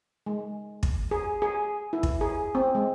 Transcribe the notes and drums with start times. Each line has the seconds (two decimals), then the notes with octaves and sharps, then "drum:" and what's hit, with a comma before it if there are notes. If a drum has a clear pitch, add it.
0.26 G#3
0.83 drum: kick
1.11 G#4
1.42 G#4
1.93 E4
2.03 drum: kick
2.21 G#4
2.55 C4
2.75 G#3